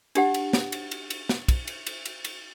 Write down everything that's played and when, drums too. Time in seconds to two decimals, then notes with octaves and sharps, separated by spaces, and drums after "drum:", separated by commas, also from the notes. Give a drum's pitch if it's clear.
0.15 D4 G4 F#5, drum: cymbal
0.34 drum: cymbal
0.53 drum: snare
0.72 drum: cymbal
0.91 drum: cymbal
1.10 drum: cymbal
1.29 drum: snare
1.48 drum: kick, cymbal
1.67 drum: cymbal
1.86 drum: cymbal
2.06 drum: cymbal
2.25 drum: cymbal